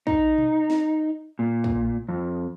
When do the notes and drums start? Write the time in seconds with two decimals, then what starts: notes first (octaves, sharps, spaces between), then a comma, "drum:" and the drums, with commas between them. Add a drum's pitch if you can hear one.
0.07 D#4, drum: kick
0.38 drum: tom B2
0.70 drum: snare
1.39 A#2
1.64 drum: kick
2.09 F2